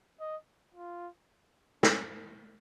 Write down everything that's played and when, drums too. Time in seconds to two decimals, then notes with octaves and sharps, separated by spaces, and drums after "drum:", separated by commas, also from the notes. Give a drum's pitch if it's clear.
0.20 D#5
0.75 F4
1.83 C#4, drum: snare